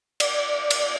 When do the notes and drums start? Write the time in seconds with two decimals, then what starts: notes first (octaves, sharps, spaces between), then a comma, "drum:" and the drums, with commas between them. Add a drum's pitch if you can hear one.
0.20 D5, drum: cymbal
0.71 drum: cymbal